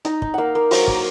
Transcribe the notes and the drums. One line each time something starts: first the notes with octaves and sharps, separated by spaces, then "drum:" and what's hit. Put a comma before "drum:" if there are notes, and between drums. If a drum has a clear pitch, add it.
D#4 A#5, drum: hi-hat
D#4, drum: kick
A#3 F5 F#5
A#3
F#3 C5, drum: open hi-hat
A#3, drum: kick